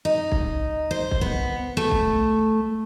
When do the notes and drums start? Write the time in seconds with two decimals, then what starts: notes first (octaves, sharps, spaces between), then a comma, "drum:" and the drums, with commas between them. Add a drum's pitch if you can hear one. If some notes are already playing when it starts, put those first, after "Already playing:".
0.05 D#4
0.32 drum: kick
0.91 C5
1.11 drum: kick
1.21 B3
1.77 A3
1.91 drum: kick